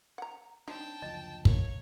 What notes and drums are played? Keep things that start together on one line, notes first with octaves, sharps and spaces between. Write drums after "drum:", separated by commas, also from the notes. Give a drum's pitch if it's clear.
F#5 A#5
F#3 C4 D4 D#4 G5 A5
F#1 D2 F3 D#5
A#3 C#5, drum: kick